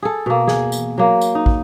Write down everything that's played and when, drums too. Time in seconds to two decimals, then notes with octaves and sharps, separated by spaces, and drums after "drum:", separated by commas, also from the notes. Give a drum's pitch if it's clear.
0.02 G#4 A4
0.26 B2 A#3
0.47 G#4, drum: snare
0.72 drum: tambourine
0.98 F#3 A#3
1.21 drum: tambourine
1.35 D#4
1.46 drum: kick